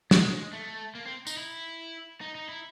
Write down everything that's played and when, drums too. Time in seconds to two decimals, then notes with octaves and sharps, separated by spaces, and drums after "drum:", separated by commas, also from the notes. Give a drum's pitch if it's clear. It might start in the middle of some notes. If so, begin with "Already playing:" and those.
0.11 G#3, drum: snare
0.53 A3
0.95 A#3
1.06 C4
1.27 D#4, drum: tambourine
1.37 E4
2.21 D#4
2.35 D#4
2.49 E4